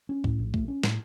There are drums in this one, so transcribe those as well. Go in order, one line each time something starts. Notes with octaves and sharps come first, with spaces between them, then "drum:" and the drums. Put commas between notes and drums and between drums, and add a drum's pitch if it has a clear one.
C#4
A2, drum: kick
A#1
A3, drum: kick
C#4
A2, drum: snare